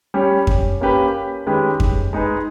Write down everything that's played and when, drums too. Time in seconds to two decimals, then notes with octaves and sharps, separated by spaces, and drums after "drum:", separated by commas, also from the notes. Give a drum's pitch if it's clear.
0.14 G3 C#4 G4 C#5
0.47 drum: kick F2
0.81 A#3 C#4 G4 B4
1.47 D#3 G#3 C#4 G4 B4
1.80 drum: kick F2
2.13 G#3 D#4 G#4 B4